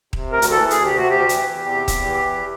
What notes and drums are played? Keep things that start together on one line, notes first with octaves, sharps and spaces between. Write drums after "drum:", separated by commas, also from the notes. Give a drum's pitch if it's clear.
C3, drum: kick D#1
D2 A#4
drum: hi-hat
E3 A4
D2 G#4, drum: hi-hat
G4
C3
F#4
D2 G4
E3, drum: hi-hat
E2
C3
E2, drum: kick D#1, hi-hat
E3
E2